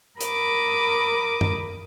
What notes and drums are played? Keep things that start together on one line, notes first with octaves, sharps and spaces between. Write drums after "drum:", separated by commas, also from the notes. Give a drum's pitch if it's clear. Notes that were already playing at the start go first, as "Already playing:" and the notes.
A#4 B5 D6 D#6, drum: hi-hat
drum: tom F#2